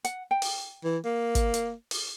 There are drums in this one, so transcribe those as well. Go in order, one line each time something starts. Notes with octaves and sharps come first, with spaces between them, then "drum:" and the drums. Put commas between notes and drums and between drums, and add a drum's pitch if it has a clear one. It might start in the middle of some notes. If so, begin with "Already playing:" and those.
F#5, drum: hi-hat
G5
drum: open hi-hat
E3
A#3
drum: kick, hi-hat
drum: hi-hat
drum: open hi-hat